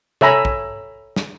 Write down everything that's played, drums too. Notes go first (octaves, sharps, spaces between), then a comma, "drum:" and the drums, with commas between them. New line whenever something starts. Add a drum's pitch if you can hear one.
A4 C#5 E5 G#5 A#5 B5, drum: tom C3
drum: kick
drum: snare